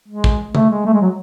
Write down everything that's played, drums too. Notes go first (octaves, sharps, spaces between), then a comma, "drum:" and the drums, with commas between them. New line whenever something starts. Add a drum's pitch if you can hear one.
G#3
drum: kick
A3, drum: tom C3
G#3
A3
G#3
F#3